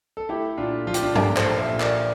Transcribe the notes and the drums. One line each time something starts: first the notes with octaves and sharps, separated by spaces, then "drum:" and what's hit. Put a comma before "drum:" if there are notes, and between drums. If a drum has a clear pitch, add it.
A4
A3 E4 G4
A#2 D4 F4
F3 F4
G4, drum: hi-hat
D4 F4
A3 G4 A#4, drum: tom G2
A4 C5, drum: clap
A#2
C5 E5
A#2
A#4 D5, drum: clap